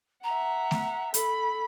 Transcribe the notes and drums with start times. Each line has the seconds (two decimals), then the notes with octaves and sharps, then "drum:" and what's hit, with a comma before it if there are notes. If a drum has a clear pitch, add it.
0.24 E5 F#5 A#5
0.71 drum: snare A3
1.14 A4 B5, drum: hi-hat